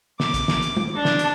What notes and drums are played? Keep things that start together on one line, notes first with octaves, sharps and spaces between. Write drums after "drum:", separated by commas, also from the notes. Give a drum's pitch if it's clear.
D6, drum: snare
drum: kick, hi-hat
drum: snare
drum: hi-hat
drum: tom
D4
drum: snare
drum: hi-hat